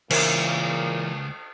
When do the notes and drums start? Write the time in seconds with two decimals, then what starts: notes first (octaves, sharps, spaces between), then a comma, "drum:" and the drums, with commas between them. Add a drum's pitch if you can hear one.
0.10 C#2 A#2 E3 A#4 C5 C#5 E5, drum: cymbal